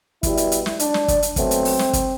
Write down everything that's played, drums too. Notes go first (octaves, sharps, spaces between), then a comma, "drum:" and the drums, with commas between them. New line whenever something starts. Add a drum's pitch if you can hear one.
B2 G3 E4, drum: kick, hi-hat
drum: hi-hat
drum: hi-hat
drum: snare
D4, drum: hi-hat
drum: snare
drum: kick, hi-hat
drum: hi-hat
B2 F#3 A3 C4, drum: kick, hi-hat
drum: hi-hat
drum: open hi-hat
drum: snare
drum: kick, hi-hat